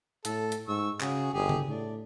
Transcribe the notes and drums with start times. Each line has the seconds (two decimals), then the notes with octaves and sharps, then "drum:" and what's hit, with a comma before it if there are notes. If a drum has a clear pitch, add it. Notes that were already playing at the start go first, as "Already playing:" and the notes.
0.25 A2 A4, drum: hi-hat
0.52 drum: hi-hat
0.68 G#2 C#6 E6
1.01 C#3 F#4 G#4, drum: clap
1.33 G1 G4 G#4
1.49 drum: tom C#3
1.68 A2 D4